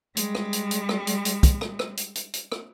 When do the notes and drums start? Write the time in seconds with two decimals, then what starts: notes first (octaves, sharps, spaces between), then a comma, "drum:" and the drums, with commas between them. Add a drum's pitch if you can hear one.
0.17 G3 G#3, drum: hi-hat
0.35 drum: rim click
0.53 drum: hi-hat
0.71 drum: hi-hat
0.89 drum: rim click
1.07 drum: hi-hat
1.25 drum: hi-hat
1.43 drum: kick, hi-hat
1.61 drum: rim click
1.79 drum: rim click
1.97 drum: hi-hat
2.15 drum: hi-hat
2.33 drum: hi-hat
2.52 drum: rim click